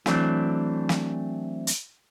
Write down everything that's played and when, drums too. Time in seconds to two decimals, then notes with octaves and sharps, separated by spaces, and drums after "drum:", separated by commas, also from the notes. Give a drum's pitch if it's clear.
0.06 E3 F#3 A3 C4 D4, drum: snare
0.89 drum: snare
1.67 drum: hi-hat